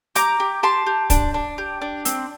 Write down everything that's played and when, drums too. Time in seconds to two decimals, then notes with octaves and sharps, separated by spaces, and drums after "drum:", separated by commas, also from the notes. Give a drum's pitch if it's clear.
0.15 G4 A#5 D6, drum: hi-hat
0.40 G4
0.63 G4 A5 C6
0.87 G4
1.10 D4, drum: kick, hi-hat
1.34 D4
1.58 G4
1.81 D4
2.05 C4, drum: hi-hat